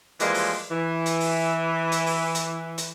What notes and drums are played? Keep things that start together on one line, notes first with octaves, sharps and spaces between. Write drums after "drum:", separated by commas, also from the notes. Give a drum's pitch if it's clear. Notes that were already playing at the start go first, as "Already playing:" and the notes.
E3 F3 G3 G#3 A#3, drum: hi-hat
drum: open hi-hat
E3
drum: hi-hat
drum: open hi-hat
drum: hi-hat
drum: open hi-hat
drum: hi-hat
drum: hi-hat